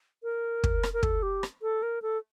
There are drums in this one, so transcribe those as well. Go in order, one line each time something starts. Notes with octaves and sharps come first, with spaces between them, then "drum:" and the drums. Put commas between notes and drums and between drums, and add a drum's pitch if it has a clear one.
A#4
drum: kick
drum: rim click
A#4
A4, drum: kick
G4
drum: rim click
A4
A#4
A4